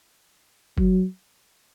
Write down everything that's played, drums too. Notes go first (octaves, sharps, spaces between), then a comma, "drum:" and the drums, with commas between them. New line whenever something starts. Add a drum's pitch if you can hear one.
F#3, drum: kick